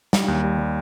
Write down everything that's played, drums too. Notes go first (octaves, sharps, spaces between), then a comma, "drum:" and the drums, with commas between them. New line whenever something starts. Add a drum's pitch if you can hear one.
G3, drum: snare
D#2
G3
G3